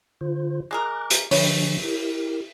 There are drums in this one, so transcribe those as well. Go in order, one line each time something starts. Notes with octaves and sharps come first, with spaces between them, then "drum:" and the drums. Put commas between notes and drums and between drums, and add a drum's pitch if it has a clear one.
D3 F4 C5
G#3 G#4 A#4 D6 F#6
drum: hi-hat
D3 F3 D4 B4 C#5, drum: open hi-hat
E4 G4 A#4